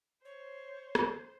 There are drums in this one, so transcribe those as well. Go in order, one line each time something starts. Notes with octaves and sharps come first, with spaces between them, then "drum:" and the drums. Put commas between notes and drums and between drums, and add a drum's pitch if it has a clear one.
C5 C#5
drum: rim click